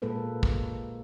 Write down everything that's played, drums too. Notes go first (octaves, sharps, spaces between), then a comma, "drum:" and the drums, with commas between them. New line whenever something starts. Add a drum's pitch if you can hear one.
A#2 G#3 A#3 A4 B4 C5
drum: kick